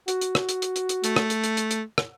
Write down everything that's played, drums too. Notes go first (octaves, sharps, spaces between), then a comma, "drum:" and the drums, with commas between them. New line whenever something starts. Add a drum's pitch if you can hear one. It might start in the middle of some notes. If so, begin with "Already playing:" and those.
F#4, drum: hi-hat
drum: hi-hat
drum: rim click
drum: hi-hat
drum: hi-hat
drum: hi-hat
drum: hi-hat
A3, drum: hi-hat
drum: rim click
drum: hi-hat
drum: hi-hat
drum: hi-hat
drum: hi-hat
drum: rim click